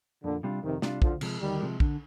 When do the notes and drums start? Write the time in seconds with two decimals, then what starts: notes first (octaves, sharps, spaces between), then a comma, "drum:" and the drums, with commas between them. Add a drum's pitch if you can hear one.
0.23 F2 A#2 D3
0.43 C3 G3 D4 F4
0.63 F2 C3 D#3
0.82 C3 G3 D4 F4, drum: snare
1.02 D2 D3 F3, drum: kick
1.21 C3 F3 G#3, drum: cymbal
1.41 D2 D#3 G3
1.60 C3 F3 G#3
1.80 D3, drum: kick